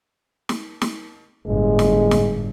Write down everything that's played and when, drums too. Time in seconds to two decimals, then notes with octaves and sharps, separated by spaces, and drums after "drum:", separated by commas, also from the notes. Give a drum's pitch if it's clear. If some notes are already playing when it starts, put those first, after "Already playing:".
0.49 drum: snare
0.82 drum: snare
1.46 G1 A2 G#3
1.79 drum: snare
2.11 drum: snare